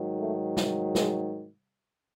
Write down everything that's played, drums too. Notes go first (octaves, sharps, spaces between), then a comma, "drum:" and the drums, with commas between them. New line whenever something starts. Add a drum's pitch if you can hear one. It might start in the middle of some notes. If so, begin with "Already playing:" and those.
Already playing: G#2 D#3 F#3
A3
drum: snare
G#3, drum: snare